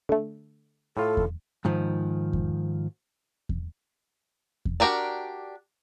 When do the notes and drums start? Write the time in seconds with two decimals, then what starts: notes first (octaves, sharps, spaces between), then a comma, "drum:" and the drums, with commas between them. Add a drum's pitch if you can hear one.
0.09 D3 A3
0.97 A2 F4 A4
1.17 drum: kick E2
1.65 G#2 D#3 F3
2.33 drum: kick E2
3.49 drum: kick E2
4.65 drum: kick E2
4.80 D4 F#4 G4 A#4 D5